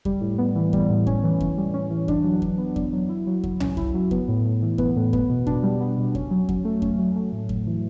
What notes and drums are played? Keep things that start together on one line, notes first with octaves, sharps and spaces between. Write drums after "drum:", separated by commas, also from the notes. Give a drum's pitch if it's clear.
G3, drum: kick F2
A2
B3
E3
G3, drum: kick F2
A2
C#4, drum: kick F2
E3
E3, drum: kick F2
G3
C#4
E3
D4, drum: kick F2
F#3
F#3, drum: kick F2
B3
D4, drum: kick F2
F#3
E4
F#3
F#3, drum: kick F2
C#4, drum: tom C2
E4, drum: kick F2
F#3
B3, drum: kick F2
A2
A2
E3
B3, drum: kick F2
A2
B3, drum: kick F2
B2
D4, drum: kick F2
G3
B3
B2
C#4, drum: kick F2
F#3
F#3, drum: kick F2
A3
C#4, drum: kick F2
F#3
A3
A2
A2, drum: kick F2
E3